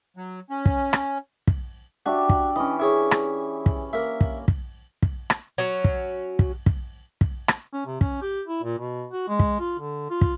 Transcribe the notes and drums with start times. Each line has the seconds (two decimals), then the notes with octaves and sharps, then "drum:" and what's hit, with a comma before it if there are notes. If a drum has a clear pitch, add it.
0.17 F#3
0.50 C#4
0.66 drum: kick
0.93 drum: rim click
1.47 drum: kick
2.06 D4 F#4 G4 E5
2.29 drum: kick
2.56 E3 C#4 D#5
2.80 E4 G#4 C#5
3.11 drum: rim click
3.66 drum: kick
3.93 A#3 A#4 E5
4.21 drum: kick
4.48 drum: kick
5.03 drum: kick
5.30 drum: rim click
5.58 F#3 C#4
5.84 drum: kick
6.39 drum: kick
6.66 drum: kick
7.21 drum: kick
7.48 drum: rim click
7.73 C#4
7.86 C3
8.01 C#4, drum: kick
8.22 G4
8.48 E4
8.63 A#2
8.79 B2
9.12 F#4
9.28 G#3
9.39 drum: kick
9.60 F4
9.79 D3
10.10 F4
10.21 drum: kick